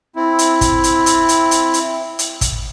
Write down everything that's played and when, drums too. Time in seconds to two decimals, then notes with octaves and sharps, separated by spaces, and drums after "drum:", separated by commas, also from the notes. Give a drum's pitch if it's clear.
0.16 C4 E4
0.39 drum: hi-hat
0.61 drum: kick, hi-hat
0.84 drum: hi-hat
1.06 drum: hi-hat
1.29 drum: hi-hat
1.51 drum: hi-hat
1.74 drum: hi-hat
2.19 drum: hi-hat
2.41 drum: kick, hi-hat